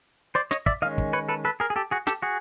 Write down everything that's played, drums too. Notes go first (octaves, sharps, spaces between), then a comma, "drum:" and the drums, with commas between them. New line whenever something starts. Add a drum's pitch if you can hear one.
C5 D5
C#5 D#5, drum: snare
D5 E5, drum: kick
D#3 G#3 C#4 D#5 F5
drum: kick
B4 C#5
A4 B4
A4 B4
G#4 A#4
G#4
G4 A4
F#4 G#4
G4 A4, drum: snare
F#4 G#4